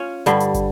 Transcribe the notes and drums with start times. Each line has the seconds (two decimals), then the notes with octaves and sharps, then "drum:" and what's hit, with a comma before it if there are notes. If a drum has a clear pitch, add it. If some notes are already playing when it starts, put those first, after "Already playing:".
Already playing: C#4 F4 C#5
0.26 G2 D3 G3, drum: hi-hat
0.40 drum: hi-hat
0.54 drum: kick, hi-hat